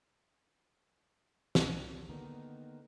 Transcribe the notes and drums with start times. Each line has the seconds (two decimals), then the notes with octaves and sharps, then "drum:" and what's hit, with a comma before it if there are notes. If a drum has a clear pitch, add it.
1.55 drum: snare
2.09 D3 D#3 A#3 B3 D#4